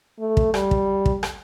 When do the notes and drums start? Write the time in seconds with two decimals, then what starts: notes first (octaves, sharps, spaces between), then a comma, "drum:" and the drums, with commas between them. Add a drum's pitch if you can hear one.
0.19 A3
0.37 drum: kick
0.54 G3, drum: rim click
0.71 drum: kick
1.06 drum: kick
1.23 drum: rim click